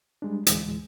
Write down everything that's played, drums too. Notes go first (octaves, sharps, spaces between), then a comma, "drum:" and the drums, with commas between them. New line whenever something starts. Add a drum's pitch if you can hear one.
G3 G#3 D4
D2 A2 E3 G#3, drum: hi-hat